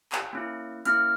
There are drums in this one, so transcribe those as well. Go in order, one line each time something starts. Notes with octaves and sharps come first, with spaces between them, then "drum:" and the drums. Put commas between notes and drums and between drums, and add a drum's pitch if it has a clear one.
drum: clap
A#3 C#4 E4
A#3 C#4 E4 F6, drum: hi-hat